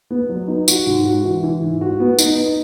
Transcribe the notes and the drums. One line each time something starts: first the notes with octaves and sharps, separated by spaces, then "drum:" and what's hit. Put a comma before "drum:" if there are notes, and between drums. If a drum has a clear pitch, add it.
B3
F#3
D#4
F#4, drum: tambourine
G#2
F#4
E3
E3
G#2
F#4
B3
D#4, drum: tambourine
D#4